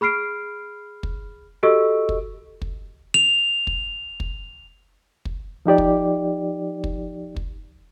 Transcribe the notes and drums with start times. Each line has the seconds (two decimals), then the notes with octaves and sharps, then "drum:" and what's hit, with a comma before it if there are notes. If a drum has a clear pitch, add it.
0.01 G#4 B5 F6 C7 D7
1.03 drum: kick
1.63 F#4 G4 A4 D#5 C#6 E6
2.09 drum: kick
2.62 drum: kick
3.14 F7
3.67 drum: kick
4.20 drum: kick
5.25 drum: kick
5.66 F3 D#4 G4 D5
5.78 drum: kick
6.84 drum: kick
7.36 drum: kick